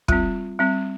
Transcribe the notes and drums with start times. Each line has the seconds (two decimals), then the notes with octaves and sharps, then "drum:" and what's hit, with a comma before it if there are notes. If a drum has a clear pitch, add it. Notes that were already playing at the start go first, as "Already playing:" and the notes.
0.08 G3 C4 F4, drum: kick
0.59 G3 C4